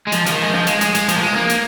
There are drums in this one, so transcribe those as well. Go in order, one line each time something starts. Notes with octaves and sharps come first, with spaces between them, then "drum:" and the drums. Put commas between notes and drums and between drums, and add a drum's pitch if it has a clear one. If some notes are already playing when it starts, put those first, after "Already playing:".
G#3
F3, drum: hi-hat
F3, drum: hi-hat
D#3
G#3
F3, drum: snare
G#3, drum: hi-hat
G#3, drum: hi-hat
G#3, drum: hi-hat
F3, drum: hi-hat
A#3
G#3
A#3, drum: snare
drum: hi-hat